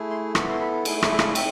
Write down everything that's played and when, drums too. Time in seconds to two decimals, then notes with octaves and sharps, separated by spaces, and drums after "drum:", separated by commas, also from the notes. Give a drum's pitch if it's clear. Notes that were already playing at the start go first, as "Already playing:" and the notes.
Already playing: A3 E4 G#4
0.10 C6
0.35 B3 E4 A4 B5, drum: rim click
0.49 C6
0.61 B5
0.85 A3 E4 G#4, drum: cymbal
1.02 G#5, drum: rim click
1.12 E5
1.19 F5, drum: rim click
1.35 C4 E5, drum: cymbal